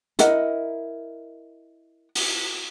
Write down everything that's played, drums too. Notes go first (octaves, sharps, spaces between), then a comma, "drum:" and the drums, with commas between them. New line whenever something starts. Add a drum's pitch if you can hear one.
E4 A#4 D#5 F#5, drum: hi-hat
drum: open hi-hat